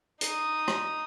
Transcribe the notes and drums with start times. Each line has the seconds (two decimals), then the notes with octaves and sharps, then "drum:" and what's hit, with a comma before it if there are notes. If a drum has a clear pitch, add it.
0.21 D#4 D#6, drum: hi-hat
0.68 drum: rim click